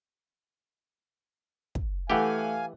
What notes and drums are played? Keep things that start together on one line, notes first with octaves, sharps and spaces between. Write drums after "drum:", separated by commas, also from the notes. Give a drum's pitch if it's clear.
drum: kick
E3 A3 G4 F5 F#5 G#5